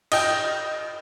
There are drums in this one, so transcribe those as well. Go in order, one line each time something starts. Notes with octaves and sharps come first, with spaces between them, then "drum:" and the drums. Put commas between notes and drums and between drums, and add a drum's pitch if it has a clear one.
D#5 G5 G6, drum: cymbal